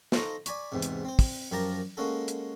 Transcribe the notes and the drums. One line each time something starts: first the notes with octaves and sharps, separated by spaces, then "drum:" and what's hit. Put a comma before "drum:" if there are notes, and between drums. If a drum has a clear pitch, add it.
D#4 F4 A4 C5 A#5 C#6, drum: snare
D5 G#5 B5 C#6, drum: hi-hat
E2 G#2 C3
drum: hi-hat
C4 C5
drum: kick, open hi-hat
F#2 F3 G4 A#4 A5 A#5
G#3 A#3 C#4 F#4 A4
drum: hi-hat